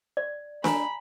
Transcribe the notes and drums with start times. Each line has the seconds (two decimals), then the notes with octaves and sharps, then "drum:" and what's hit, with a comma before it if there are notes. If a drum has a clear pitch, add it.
0.17 D5
0.64 G#5 A#5 B5, drum: snare D4